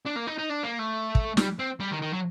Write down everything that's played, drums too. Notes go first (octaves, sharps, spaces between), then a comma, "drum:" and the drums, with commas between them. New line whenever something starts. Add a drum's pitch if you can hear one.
D4
A#3
D#4
D#4
D4
A#3
A3
drum: kick
G3, drum: snare
C4
G3
D#3
D#3
F#3